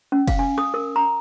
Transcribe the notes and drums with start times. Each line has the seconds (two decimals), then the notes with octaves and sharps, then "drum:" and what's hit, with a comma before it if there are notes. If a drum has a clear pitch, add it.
0.12 C#4
0.27 F5, drum: kick, cymbal
0.39 G#5
0.58 D#6, drum: rim click
0.74 A#4
0.96 A#5